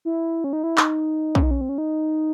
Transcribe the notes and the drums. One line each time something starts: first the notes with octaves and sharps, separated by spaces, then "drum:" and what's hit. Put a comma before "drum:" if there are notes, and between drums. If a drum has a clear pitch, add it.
E4
C#4
D#4
E4
D#4, drum: clap
C#4, drum: kick
D#4
C#4
C4
C#4
D#4